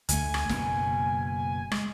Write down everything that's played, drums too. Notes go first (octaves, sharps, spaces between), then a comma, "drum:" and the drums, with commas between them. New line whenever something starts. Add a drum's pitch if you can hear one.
D2 D3 A3 G#5, drum: hi-hat
drum: rim click
F#1 B2, drum: snare
G#3, drum: rim click